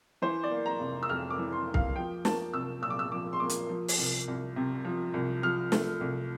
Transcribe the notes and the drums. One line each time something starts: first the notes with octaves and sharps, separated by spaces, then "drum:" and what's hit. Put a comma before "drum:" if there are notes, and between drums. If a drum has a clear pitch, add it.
E3 C5
D5
A#3
A#5
F1
E6
F2 F6
D6
E3
C6
A#3
F5, drum: kick C2
F3 G5
A#3 A5, drum: snare
C2 E6
A#2 E6
D6
E6
F3 D6
C6
A#3 D6
drum: hi-hat
F3
drum: open hi-hat
C2
C2
C3
F3
C2
F3 F6
A3, drum: snare
C2